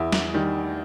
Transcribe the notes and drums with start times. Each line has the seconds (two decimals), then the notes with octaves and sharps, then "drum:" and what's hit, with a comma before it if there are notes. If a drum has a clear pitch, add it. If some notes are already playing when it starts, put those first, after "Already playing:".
Already playing: E2 E4
0.13 drum: snare
0.34 D#3 G3